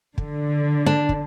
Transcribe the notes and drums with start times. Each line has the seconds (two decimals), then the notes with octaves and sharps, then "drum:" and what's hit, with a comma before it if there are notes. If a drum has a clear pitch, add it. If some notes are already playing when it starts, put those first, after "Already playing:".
0.18 D3, drum: kick
0.86 D4
1.09 drum: kick